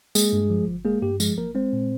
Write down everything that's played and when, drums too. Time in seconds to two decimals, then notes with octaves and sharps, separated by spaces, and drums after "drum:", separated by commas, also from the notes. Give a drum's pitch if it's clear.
0.15 G#3 A#3 G#4, drum: tambourine
0.33 G2
0.50 F3
0.68 G1
0.85 G#3 A#3 G#4
1.02 G2 G4
1.20 F3 G#3 G#4, drum: tambourine
1.38 G1 A#3 A#4
1.55 G#3 C4 C5
1.73 A#2